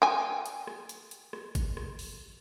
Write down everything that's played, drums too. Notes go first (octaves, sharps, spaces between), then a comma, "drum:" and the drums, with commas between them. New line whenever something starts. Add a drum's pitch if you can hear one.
G5 G#5, drum: rim click
drum: hi-hat
drum: rim click
drum: hi-hat
drum: hi-hat
drum: rim click
drum: kick G#1, hi-hat
drum: rim click
drum: open hi-hat